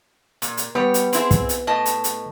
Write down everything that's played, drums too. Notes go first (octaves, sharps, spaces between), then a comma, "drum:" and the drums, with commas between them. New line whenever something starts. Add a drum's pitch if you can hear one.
A#2, drum: hi-hat
drum: hi-hat
G3 B3 C#5
drum: hi-hat
C4 E4 G#4, drum: hi-hat
drum: kick, hi-hat
drum: hi-hat
A2 D#5 A5
drum: hi-hat
drum: hi-hat